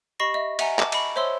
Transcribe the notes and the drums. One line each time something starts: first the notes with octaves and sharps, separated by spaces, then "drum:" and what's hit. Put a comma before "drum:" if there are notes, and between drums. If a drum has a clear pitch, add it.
G4 D#5 B5 C#6 A#6 C7
D#5 E5
E5 F#5 G#5 A#5, drum: cymbal
A5 D6, drum: clap
D#5 B5 C#6, drum: cymbal
C5 C#5 E5 C6 E6 G7